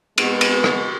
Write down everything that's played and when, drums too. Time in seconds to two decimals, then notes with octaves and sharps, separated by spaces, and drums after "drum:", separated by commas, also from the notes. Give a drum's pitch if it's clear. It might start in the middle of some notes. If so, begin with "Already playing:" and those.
0.18 B2 G#3 B3, drum: cymbal
0.41 drum: cymbal
0.64 drum: rim click